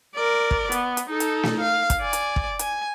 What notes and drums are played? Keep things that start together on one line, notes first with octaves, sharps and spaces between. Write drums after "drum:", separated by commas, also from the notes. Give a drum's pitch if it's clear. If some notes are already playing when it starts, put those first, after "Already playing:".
A#4 D5
drum: kick
B3, drum: hi-hat
drum: hi-hat
D#4 A4
drum: hi-hat
drum: snare
F5
drum: kick, hi-hat
D5 G#5
drum: hi-hat
drum: kick
G#5, drum: hi-hat